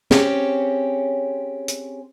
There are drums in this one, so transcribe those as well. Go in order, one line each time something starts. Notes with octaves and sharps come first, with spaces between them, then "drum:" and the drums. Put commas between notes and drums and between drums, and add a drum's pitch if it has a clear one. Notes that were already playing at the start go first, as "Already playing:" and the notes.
C4 C#4 G4 G#4 C#5, drum: snare
drum: hi-hat